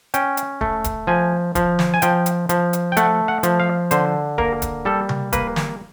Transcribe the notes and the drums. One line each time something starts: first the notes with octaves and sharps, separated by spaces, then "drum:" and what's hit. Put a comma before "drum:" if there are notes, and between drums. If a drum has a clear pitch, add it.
C#4 G5, drum: hi-hat
drum: hi-hat
A3, drum: kick D1
drum: kick D1, hi-hat
F3 G#5
F3, drum: kick D1, hi-hat
drum: snare
G#5
F3 G5, drum: hi-hat
drum: hi-hat
F3, drum: hi-hat
drum: hi-hat
G5
A3 F#5, drum: hi-hat
F#5
F3, drum: hi-hat
F5
D3 C5, drum: hi-hat
A#3 A#4, drum: kick D1
drum: kick D1, hi-hat
G3 A4
drum: tom C3
A#3 B4, drum: kick D1, hi-hat
drum: snare